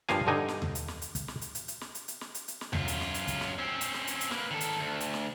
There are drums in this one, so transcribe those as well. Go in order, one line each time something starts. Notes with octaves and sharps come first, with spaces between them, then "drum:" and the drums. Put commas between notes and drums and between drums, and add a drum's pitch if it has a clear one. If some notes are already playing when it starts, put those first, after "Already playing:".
G2 F3 A#3 F5 G#5, drum: snare
G2 D3 D#4 G#5
drum: snare
drum: tom D#2
drum: hi-hat
drum: snare
drum: hi-hat
drum: kick, hi-hat
drum: snare
drum: hi-hat
drum: hi-hat
drum: hi-hat
drum: snare
drum: hi-hat
drum: hi-hat
drum: snare
drum: hi-hat
drum: hi-hat
drum: snare
F#2 F4, drum: tom D#2
drum: hi-hat
drum: snare
drum: hi-hat
drum: kick, hi-hat
drum: snare
C4 C#4
drum: hi-hat
drum: snare
drum: hi-hat
drum: hi-hat
A#3 B4, drum: snare
D#3 A4
drum: hi-hat
D2
drum: hi-hat
drum: snare